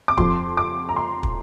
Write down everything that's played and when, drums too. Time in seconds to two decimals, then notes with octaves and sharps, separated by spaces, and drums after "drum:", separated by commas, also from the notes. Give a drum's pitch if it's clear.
0.08 D6
0.18 F2 F3 C6, drum: kick
0.57 D6
0.89 A#5
0.96 C6
1.23 drum: kick